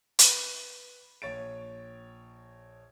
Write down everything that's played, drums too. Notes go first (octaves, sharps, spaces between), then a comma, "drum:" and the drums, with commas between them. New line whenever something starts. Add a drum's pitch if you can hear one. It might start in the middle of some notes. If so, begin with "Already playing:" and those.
B4, drum: hi-hat
A#1 C#5 A6 D7